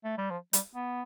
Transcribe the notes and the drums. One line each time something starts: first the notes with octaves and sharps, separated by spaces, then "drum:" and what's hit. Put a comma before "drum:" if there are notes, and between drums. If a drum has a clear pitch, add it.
A3
G3
F3
G3, drum: hi-hat
B3